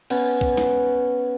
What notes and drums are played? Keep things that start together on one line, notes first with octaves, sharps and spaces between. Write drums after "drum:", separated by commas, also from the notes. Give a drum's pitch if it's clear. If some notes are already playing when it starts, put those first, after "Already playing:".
B3 C#4, drum: cymbal
drum: kick B1
drum: snare